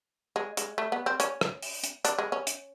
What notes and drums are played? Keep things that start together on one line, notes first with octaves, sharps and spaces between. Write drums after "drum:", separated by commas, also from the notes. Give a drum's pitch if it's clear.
G#3
G#3, drum: hi-hat
A3
B3
C4
C#4, drum: hi-hat
drum: rim click
drum: open hi-hat
drum: hi-hat
D4, drum: hi-hat
G#3
C#4
drum: hi-hat